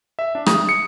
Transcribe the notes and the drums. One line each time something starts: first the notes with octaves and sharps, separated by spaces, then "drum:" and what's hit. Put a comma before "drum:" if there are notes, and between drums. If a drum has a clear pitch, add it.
E5
D4
D#6, drum: rim click
C#7